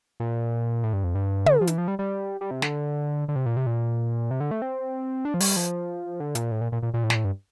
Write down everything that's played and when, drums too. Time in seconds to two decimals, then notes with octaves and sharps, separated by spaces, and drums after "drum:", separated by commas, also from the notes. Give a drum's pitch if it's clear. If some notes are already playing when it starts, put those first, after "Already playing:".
0.20 A#2
0.83 A2
0.93 G2
1.04 F2
1.15 G2
1.46 D3, drum: tom
1.61 F3
1.67 E3, drum: hi-hat
1.78 F3
1.88 G3
1.99 G3
2.41 G3
2.51 C3
2.62 D3, drum: snare
3.28 D3
3.36 C3
3.46 A#2
3.57 C3
3.66 A#2
4.31 C3
4.40 D3
4.51 A3
4.62 C4
5.25 D4
5.34 F3
5.40 G3, drum: open hi-hat
5.56 F3
6.20 D3
6.35 A#2, drum: hi-hat
6.51 A2
6.61 A#2
6.72 A#2
6.83 A#2
6.94 A#2
7.04 A2
7.10 A#2, drum: snare
7.15 A2
7.24 G2